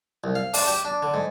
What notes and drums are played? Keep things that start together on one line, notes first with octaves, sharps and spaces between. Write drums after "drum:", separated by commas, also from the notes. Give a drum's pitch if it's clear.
C2
F5
D4, drum: open hi-hat
G4
D4
D3
G#2